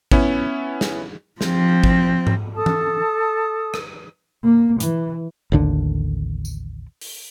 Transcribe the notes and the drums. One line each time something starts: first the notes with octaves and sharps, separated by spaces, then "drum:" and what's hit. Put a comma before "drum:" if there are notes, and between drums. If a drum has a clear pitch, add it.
B3 C#4 E4, drum: kick G#1
drum: snare
F3 C4, drum: snare
drum: kick G#1
drum: tom G#2
A4 A5 D#6
drum: tom E3
drum: rim click
A#3
E3, drum: hi-hat
A1 D#2 D3
drum: tambourine
drum: open hi-hat